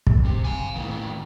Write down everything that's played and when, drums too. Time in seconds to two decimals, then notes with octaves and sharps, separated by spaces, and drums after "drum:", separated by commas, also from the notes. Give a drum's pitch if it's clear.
0.07 drum: kick
0.25 C3
0.45 F5 G#5
0.76 A2 D#3